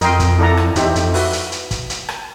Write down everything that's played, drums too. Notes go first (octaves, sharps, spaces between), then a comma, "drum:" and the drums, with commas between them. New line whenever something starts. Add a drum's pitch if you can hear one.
F2 A#4 D#5 G5 C6, drum: hi-hat
drum: kick, hi-hat
E4 A4 D5 F#5 A#5
drum: rim click
E2 D#4 G4 C5 E5, drum: hi-hat
F2, drum: hi-hat
F#4 B4 E5, drum: open hi-hat
drum: hi-hat
drum: hi-hat
drum: kick, hi-hat
drum: hi-hat
drum: rim click